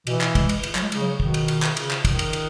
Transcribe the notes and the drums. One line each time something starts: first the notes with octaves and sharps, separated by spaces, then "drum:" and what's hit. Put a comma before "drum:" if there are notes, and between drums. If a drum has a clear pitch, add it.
B2 E3, drum: cymbal
drum: clap
G#3, drum: kick, cymbal
drum: cymbal
drum: cymbal
F#3, drum: clap
G#3
C#3, drum: cymbal
F#3
B2 D#3, drum: kick
drum: cymbal
drum: cymbal
drum: clap
C#3, drum: cymbal
drum: clap
D#3, drum: kick, cymbal
drum: cymbal
drum: cymbal